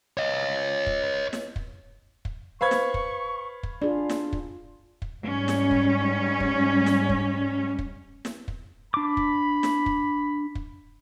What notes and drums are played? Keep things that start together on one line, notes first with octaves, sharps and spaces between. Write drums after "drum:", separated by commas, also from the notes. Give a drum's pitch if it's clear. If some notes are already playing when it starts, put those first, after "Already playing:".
C#5 D#5
drum: kick
drum: snare
drum: kick
drum: kick
B4 C5 F5 B5 C#6 G#6
drum: snare
drum: kick
drum: kick
D4 F4 G#4 D5
drum: snare
drum: kick
drum: kick
G#2 G3 C#4
drum: snare
drum: kick
drum: kick
drum: snare
drum: kick
drum: kick
drum: snare
drum: kick
D4 B5 D6
drum: kick
drum: snare
drum: kick
drum: kick